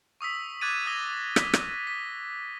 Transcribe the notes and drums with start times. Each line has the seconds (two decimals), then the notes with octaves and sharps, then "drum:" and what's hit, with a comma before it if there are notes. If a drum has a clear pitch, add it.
0.21 C#6 D#6 E6 B6
0.61 D6 F#6 G#6 A6 D#7
0.86 D#6 G#6 A#6 G7
1.36 B6, drum: rim click
1.54 drum: rim click
1.87 B6